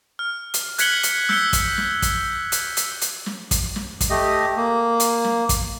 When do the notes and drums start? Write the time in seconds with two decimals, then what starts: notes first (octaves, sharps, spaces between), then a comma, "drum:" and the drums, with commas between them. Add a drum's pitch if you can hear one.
0.19 F6
0.54 drum: hi-hat
0.78 F#6 G#6 B6 C#7 F#7 G7, drum: hi-hat
1.03 drum: hi-hat
1.29 E6 G6 B6 C#7 F#7 G7, drum: snare
1.53 drum: kick, hi-hat
1.78 drum: snare
2.02 drum: kick, hi-hat
2.52 drum: hi-hat
2.77 drum: hi-hat
3.01 drum: hi-hat
3.26 drum: snare
3.51 drum: kick, hi-hat
3.76 drum: snare
4.01 drum: kick, hi-hat
4.10 A3 G4 D#5
4.57 A#3
5.00 drum: hi-hat
5.24 drum: snare
5.49 drum: kick, hi-hat